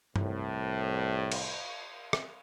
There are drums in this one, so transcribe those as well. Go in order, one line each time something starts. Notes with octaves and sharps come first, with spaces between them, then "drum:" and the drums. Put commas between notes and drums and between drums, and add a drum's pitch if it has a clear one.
C2 A2, drum: tom G2
drum: cymbal
drum: rim click